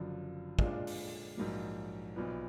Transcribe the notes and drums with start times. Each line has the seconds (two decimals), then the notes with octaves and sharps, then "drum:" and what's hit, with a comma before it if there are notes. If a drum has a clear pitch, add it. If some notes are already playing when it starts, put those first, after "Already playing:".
Already playing: F#1 F#2 D3 F3
0.59 A#2 G#3 D4 F4, drum: kick
0.87 drum: open hi-hat
1.37 A#1 G#2 F#3 A#3
2.16 B1 A#2 F3 B3